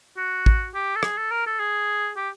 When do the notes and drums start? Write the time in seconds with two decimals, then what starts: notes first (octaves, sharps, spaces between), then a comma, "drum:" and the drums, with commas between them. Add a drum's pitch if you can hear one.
0.17 F#4
0.46 drum: kick A1
0.75 G4
0.96 A4
1.03 G#4, drum: rim click
1.18 A4
1.31 A#4
1.46 A4
1.59 G#4
2.16 G4